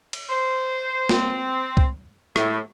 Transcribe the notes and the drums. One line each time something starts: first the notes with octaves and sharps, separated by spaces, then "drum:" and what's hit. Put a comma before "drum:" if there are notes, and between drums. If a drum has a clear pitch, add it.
drum: cymbal
C5
C4, drum: snare
drum: kick C2
A2, drum: rim click